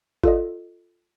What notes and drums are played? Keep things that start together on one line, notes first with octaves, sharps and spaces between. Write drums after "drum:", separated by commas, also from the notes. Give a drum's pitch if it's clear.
F4 A4 D5 D#5, drum: kick G1